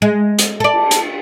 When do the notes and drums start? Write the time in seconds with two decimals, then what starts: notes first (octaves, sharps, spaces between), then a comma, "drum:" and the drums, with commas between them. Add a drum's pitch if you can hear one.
0.02 G#3
0.38 drum: hi-hat
0.60 A4 D5
0.73 drum: cymbal
0.91 drum: hi-hat